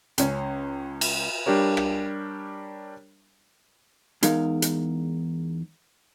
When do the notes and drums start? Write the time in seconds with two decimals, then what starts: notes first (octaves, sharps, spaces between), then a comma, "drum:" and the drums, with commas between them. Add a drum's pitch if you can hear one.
0.18 C#2 C#4, drum: hi-hat
1.01 drum: cymbal
1.46 G3 D4 G4 A#4 C#5
1.77 drum: rim click
4.23 E2 G#3 D#4 A#4 F5, drum: hi-hat
4.62 drum: hi-hat